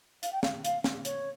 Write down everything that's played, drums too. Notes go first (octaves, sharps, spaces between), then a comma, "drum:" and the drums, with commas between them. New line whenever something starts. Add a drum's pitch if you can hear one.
F5, drum: hi-hat
G5
F5, drum: snare
F5, drum: hi-hat
drum: snare
C#5, drum: hi-hat